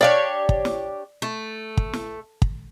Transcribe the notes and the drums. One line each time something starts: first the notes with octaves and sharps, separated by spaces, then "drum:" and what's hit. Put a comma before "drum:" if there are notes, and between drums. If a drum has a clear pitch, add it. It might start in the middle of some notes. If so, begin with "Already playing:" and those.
D4 G4 C#5 D5 F5
drum: kick
drum: snare
A3
drum: kick
drum: snare
drum: kick